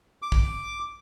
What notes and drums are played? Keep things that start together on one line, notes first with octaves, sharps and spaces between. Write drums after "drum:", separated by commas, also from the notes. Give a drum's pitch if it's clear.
D6
drum: kick